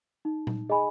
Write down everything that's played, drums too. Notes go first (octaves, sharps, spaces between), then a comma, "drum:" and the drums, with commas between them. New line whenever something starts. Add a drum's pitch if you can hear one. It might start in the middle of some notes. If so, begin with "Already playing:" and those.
D#4
drum: tom A#2
G#4 D#5 G#5 B5